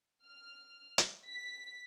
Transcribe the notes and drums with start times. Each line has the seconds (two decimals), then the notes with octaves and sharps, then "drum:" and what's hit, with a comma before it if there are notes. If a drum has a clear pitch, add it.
0.25 F6
0.98 drum: hi-hat
1.25 B6